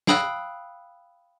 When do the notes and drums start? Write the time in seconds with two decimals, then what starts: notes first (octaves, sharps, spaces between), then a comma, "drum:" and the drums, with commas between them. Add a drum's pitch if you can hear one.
0.07 F5 G5 B5 D#6 E6 F#6, drum: snare